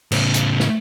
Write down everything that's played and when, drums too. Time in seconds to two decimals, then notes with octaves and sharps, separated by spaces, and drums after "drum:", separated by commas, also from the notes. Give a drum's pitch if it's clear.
0.12 A2 C#3, drum: cymbal
0.34 drum: hi-hat
0.60 drum: snare